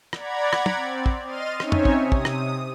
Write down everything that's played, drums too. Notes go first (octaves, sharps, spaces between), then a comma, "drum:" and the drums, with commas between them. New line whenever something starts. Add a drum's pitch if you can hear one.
D5 F#5 A#5 B5 G#6, drum: rim click
drum: rim click
drum: tom
C4 D5
drum: kick
D#5 C6 F6 A6 D#7
C4 C#4 D#4 C#5 E5 G#5, drum: rim click
drum: tom
drum: kick
C3 D#6
drum: kick
drum: rim click